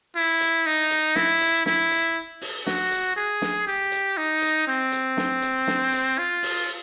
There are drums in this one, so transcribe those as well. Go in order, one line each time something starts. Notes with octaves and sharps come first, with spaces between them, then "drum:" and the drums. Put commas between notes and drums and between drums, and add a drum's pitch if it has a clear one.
E4
drum: hi-hat
D#4
drum: hi-hat
E4, drum: snare
drum: hi-hat
E4, drum: snare
drum: hi-hat
drum: open hi-hat
F#4, drum: snare
drum: hi-hat
G#4
drum: snare
G4
drum: hi-hat
D#4
drum: hi-hat
C4
drum: hi-hat
drum: snare
drum: hi-hat
drum: snare
drum: hi-hat
F4
drum: open hi-hat